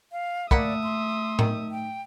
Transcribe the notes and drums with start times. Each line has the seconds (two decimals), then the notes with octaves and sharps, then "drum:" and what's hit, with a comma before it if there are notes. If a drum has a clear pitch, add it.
0.12 F5
0.51 A3 A#3 D5 E5 F#5 B5 D#6, drum: kick
0.83 C6
1.39 D#3, drum: tom A2
1.71 G5